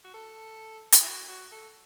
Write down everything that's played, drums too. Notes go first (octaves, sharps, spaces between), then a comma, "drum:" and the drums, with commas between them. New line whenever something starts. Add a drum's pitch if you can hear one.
F#4
A4
drum: hi-hat
E4
F#4
F#4
A4